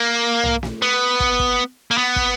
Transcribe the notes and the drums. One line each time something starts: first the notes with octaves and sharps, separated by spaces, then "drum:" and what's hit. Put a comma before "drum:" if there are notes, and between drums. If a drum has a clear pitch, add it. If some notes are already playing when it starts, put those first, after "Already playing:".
Already playing: A#3
drum: tom
drum: snare
B3
drum: kick
drum: kick
A#3
B3
drum: kick